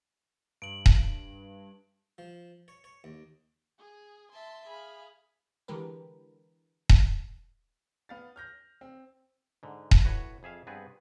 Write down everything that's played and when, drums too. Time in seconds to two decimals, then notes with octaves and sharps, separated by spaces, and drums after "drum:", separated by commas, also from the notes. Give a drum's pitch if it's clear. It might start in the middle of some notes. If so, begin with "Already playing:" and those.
0.62 G2 D7 F#7
0.86 drum: kick D#1
2.18 F3
2.68 C#5
2.84 C#5
3.04 D#2
3.79 G#4
4.32 E5 A5 C6
4.68 G#4 F5 B5
5.68 D3 E3 G#3 G4 A#4 B4
6.89 drum: kick D#1
8.09 B3 F5 A6
8.36 F6 G6 A#6
8.81 C4
9.63 G#2 D3
9.91 drum: kick D#1
10.04 A2 F#4 B4 C#5 F#5
10.43 F2 G#4 E5 F5
10.67 G2 B3 C4 G#4 B4